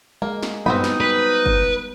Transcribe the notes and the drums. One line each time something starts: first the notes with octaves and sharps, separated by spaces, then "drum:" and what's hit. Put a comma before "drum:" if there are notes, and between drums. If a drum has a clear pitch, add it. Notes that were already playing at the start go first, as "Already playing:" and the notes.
G#3 A#3
drum: snare
G3 B3 C4 D#4 F#4 B5, drum: tom
drum: snare
B4
drum: kick F#1